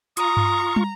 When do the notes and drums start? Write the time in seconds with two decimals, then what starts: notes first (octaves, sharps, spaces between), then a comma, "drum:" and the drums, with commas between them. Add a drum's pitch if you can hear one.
0.17 F4 A#5 C#6 D#6, drum: hi-hat
0.37 drum: tom G2
0.76 drum: tom